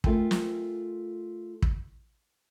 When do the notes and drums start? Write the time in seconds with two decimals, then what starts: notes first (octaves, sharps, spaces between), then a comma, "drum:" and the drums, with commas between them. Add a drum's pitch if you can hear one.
0.04 A3 F4 A4 A#4 G5 G#5, drum: kick
0.31 drum: snare
1.62 drum: kick